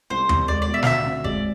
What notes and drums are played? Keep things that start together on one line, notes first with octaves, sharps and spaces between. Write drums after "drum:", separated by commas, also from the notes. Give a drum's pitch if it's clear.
C2 C5
C2, drum: tom D#2
G#3 D5
D5
B2
E5
F5, drum: snare
D2 E5
C4
G#3 D5, drum: kick G1